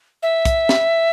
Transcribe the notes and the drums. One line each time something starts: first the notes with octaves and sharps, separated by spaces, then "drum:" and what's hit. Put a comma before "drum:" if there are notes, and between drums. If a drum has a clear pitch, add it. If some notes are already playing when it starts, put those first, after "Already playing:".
E5
drum: kick, hi-hat
drum: snare